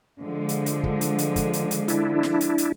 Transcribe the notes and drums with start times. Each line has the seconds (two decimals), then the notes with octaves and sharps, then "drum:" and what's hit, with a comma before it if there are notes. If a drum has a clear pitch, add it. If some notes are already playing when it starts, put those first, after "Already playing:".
0.19 D3 F3 G#3
0.49 drum: hi-hat
0.66 drum: hi-hat
0.84 drum: kick
1.01 drum: hi-hat
1.18 drum: hi-hat
1.36 drum: kick, hi-hat
1.53 drum: hi-hat
1.71 drum: hi-hat
1.88 D4 E4, drum: hi-hat
2.23 drum: snare
2.41 drum: hi-hat
2.58 drum: hi-hat